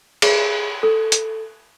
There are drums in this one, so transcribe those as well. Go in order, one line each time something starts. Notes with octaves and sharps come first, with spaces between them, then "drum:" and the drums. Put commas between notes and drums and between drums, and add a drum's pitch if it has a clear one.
G#4, drum: cymbal
A4
drum: hi-hat